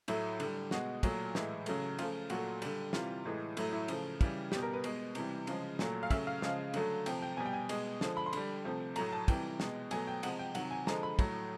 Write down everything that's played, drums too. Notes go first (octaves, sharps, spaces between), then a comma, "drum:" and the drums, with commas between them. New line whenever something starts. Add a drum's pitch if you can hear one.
A2 F#3 A3 E4, drum: cymbal
D3 G3, drum: cymbal
B2 G#3 F#4, drum: snare
A#2 F#3 A3, drum: kick, cymbal
A2 E3 G#3 E4, drum: snare
C#3 F#3 A3, drum: cymbal
C#3 F3 A3 F4, drum: cymbal
A#2 F#3 A3 F#4, drum: cymbal
D3 G3, drum: cymbal
C3 E3 G3 F4, drum: snare
A2 E3 G#3
A2 F#3 A3 E4, drum: cymbal
E4
C#3 F3 A3, drum: cymbal
C#3 E3 G3, drum: kick, cymbal
B2 G3 G4, drum: snare
A#4
B4
B2 G#3, drum: cymbal
C3 E3 G3, drum: cymbal
C#3 F3 G#3, drum: cymbal
A#2 F#3 A3, drum: snare
F5
C#3 F#3 A3 E5, drum: kick, cymbal
F5
C#3 F3 G#3, drum: snare
D3 F#3 A3, drum: cymbal
C3 F3 A3 G5, drum: cymbal
G5
B2 G3 G#5
G5
G#5
B2 G#3, drum: cymbal
D3 F3 G#3 A5, drum: snare
B5
C6
D3 G3 B5, drum: cymbal
C3 F3 A3
A2 F#3 A3 A#5, drum: cymbal
A5
C3 E3 G3 G5, drum: kick, cymbal
B2 G#3, drum: snare
B2 F#3 A3 G#5, drum: cymbal
G5
C3 F3 G#3 F#5, drum: cymbal
G5
C3 D#3 F#3 F#5, drum: cymbal
G#5
D3 F3 G#3 A#5, drum: snare
B5
A2 F#3 A3, drum: kick, cymbal